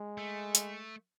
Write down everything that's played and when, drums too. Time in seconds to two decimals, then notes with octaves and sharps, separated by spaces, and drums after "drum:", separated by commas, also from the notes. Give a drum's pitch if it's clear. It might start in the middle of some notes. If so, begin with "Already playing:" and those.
Already playing: G#3
0.18 A3
0.55 drum: hi-hat